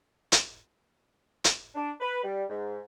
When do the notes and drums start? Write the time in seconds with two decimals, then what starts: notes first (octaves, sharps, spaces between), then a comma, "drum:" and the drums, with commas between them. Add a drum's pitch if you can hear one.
0.32 drum: hi-hat
1.44 drum: hi-hat
1.75 D4
2.00 B4
2.24 G3
2.49 G#2